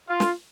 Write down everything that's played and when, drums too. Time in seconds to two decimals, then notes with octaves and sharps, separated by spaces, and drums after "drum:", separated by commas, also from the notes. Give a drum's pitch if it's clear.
0.09 F4
0.20 drum: snare